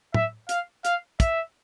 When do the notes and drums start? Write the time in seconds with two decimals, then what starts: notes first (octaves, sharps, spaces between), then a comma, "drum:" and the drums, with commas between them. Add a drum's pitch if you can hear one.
0.14 E5, drum: tom
0.49 F5, drum: hi-hat
0.85 F5, drum: hi-hat
1.20 E5, drum: kick, hi-hat